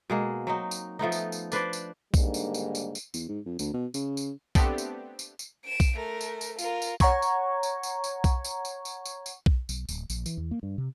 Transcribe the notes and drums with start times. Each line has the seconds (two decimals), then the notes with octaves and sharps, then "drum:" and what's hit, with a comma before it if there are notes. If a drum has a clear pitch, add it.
0.10 B2 G#3 A#3
0.47 F#3 C4 D#4
0.71 drum: tambourine
0.99 F3 A3 B3 D#4
1.12 drum: tambourine
1.32 drum: tambourine
1.52 D4 B4 C5 D5, drum: tambourine
1.73 drum: tambourine
2.14 G#2 D3 D#3 G3 A#3 D4, drum: kick B1, tambourine
2.34 drum: tambourine
2.54 drum: tambourine
2.75 drum: tambourine
2.95 drum: tambourine
3.14 E2, drum: tambourine
3.29 G#2
3.46 F2
3.59 D2, drum: tambourine
3.73 B2
3.94 C#3, drum: tambourine
4.17 drum: tambourine
4.55 A3 B3 C4 D4 G4, drum: kick B1, tambourine
4.78 drum: tambourine
5.19 drum: tambourine
5.39 drum: tambourine
5.65 D7 E7
5.80 drum: kick B1, tambourine
5.97 A3 A#4
6.21 drum: tambourine
6.41 drum: tambourine
6.59 F4 A#4, drum: tambourine
6.82 drum: tambourine
7.00 C#5 F#5 A#5 C#6 G#6, drum: kick B1, tambourine
7.22 drum: tambourine
7.63 drum: tambourine
7.83 drum: tambourine
8.04 drum: tambourine
8.24 drum: kick B1, tambourine
8.44 drum: tambourine
8.65 drum: tambourine
8.85 drum: tambourine
9.05 drum: tambourine
9.26 drum: tambourine
9.46 drum: kick B1
9.69 B1, drum: tambourine
9.89 D1, drum: tambourine
10.10 A#1, drum: tambourine
10.26 E3, drum: tambourine
10.37 E2
10.51 A#3
10.63 G2
10.78 C3